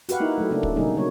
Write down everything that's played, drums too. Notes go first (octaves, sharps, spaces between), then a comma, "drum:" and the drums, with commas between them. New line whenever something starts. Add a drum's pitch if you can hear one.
F#4 G4 B4 F5 F#5, drum: hi-hat
A#3 D#4 E4 A#4
F#3 A3
C#3 F#3 A3 A#3 D4
drum: kick
B2 D3 G3 A#3 D#4 G#4
C#3 F#3 A#3 C#5